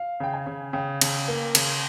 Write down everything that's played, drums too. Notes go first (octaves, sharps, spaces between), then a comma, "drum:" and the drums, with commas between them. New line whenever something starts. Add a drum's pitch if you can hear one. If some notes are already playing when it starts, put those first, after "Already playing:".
Already playing: F5
C#3 G5
G#5
C#3
C#3 G5
C#3, drum: cymbal
A#3
C#3, drum: cymbal